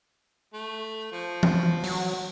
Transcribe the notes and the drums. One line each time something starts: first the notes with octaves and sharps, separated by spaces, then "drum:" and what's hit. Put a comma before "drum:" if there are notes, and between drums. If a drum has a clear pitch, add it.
A3
F3
drum: tom E3
F#3, drum: open hi-hat